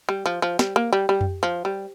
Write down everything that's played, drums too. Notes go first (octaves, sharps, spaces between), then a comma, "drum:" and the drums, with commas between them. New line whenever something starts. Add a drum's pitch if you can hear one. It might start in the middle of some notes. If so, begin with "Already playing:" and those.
G3
F3
F3
G3, drum: snare
A#3
G3
G3
drum: tom F2
F3
G3